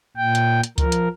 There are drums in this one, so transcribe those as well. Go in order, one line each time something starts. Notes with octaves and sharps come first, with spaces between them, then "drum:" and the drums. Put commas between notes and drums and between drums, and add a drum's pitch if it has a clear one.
A#2 G5
drum: hi-hat
drum: hi-hat
F3 A#4, drum: kick C#2, hi-hat
drum: hi-hat